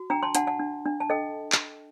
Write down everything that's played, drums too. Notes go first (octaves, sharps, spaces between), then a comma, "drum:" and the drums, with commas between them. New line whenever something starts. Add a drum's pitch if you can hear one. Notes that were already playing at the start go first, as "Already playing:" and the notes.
Already playing: F#4
D4 G5 A#5
A5 C6
D4 F#5 A5, drum: hi-hat
F#5 A5
D4
D4
A5
A4 D#5 G5
drum: clap